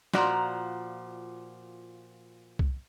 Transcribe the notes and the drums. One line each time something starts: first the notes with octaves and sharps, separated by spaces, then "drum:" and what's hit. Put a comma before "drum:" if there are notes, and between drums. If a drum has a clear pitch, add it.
A#2 F3 F#4 D5 A#5, drum: snare
drum: kick C2